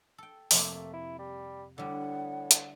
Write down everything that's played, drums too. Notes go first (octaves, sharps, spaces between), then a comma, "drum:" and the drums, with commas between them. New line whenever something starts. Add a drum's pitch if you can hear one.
A4 G5
F2 C3 A3 A#3, drum: open hi-hat
E4
G3
A2 D3 G3 F#5
drum: hi-hat